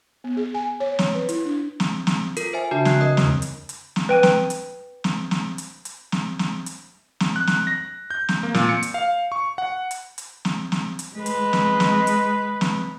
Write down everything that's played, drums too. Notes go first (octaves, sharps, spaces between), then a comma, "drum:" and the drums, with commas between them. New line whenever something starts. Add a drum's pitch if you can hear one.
B3
G#4
G#5
C#5
drum: snare
B4
E4, drum: hi-hat
D4
drum: snare
drum: snare
F4 A4 A#4, drum: hi-hat
C5 E5 G#5
C#3 D4 F#4 E5 G5 A5
F#6 G#6 C7, drum: snare
A#4 D#5 D#6
E2 C#3, drum: snare
drum: hi-hat
drum: hi-hat
drum: snare
B4 G5 D#7
drum: snare
drum: hi-hat
drum: snare
drum: snare
drum: hi-hat
drum: hi-hat
drum: snare
drum: snare
drum: hi-hat
drum: snare
F#6
drum: snare
A#6
G6
drum: snare
A#3
A#2, drum: snare
C#7
drum: hi-hat
F5
C#6
F#5
drum: hi-hat
drum: hi-hat
drum: snare
drum: snare
drum: hi-hat
G#3 B4
drum: hi-hat
drum: snare
drum: snare
drum: hi-hat
drum: snare